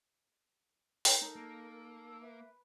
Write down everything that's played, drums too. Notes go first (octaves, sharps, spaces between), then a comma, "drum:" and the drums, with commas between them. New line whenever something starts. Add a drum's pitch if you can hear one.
drum: open hi-hat
D#4 A4 A#4
A#3
E6
B4 E5